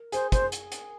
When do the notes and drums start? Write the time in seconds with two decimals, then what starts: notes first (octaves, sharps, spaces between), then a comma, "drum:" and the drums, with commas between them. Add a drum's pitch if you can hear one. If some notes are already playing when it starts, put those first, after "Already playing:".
Already playing: A#4
0.12 G#4 C5, drum: hi-hat
0.32 C5, drum: kick, hi-hat
0.52 drum: hi-hat
0.72 drum: hi-hat